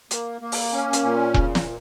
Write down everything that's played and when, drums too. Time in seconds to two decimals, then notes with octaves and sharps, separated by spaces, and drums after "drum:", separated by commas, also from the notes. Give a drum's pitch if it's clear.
0.11 A#3, drum: hi-hat
0.41 A#3
0.52 drum: open hi-hat
0.72 C#4
0.93 drum: hi-hat
1.03 A#2
1.34 C#3, drum: kick E1
1.55 drum: snare